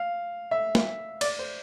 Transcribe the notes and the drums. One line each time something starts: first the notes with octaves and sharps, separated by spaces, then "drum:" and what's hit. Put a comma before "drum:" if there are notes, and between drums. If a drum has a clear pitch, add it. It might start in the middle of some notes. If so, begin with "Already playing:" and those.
Already playing: F5
E5
drum: snare
D5, drum: cymbal
C5